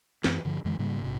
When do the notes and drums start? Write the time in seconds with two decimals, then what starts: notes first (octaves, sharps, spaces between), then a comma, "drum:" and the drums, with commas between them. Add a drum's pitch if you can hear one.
0.24 F#2 E3, drum: snare
0.45 G2 D3 F3
0.65 F#2 D3 E3 G#3
0.79 G#2 C#3 G3 A#3
1.02 A#1 G#2 C3